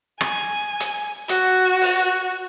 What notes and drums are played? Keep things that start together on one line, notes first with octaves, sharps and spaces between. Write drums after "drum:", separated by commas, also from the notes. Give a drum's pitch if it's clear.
G#5, drum: rim click
drum: hi-hat
F#4, drum: hi-hat
drum: open hi-hat